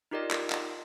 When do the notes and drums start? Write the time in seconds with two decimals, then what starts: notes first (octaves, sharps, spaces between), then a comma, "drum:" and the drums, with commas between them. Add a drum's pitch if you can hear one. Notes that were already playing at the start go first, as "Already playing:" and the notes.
0.11 D#4 F4 G4 A#4 D5 D#5
0.31 drum: clap
0.50 drum: clap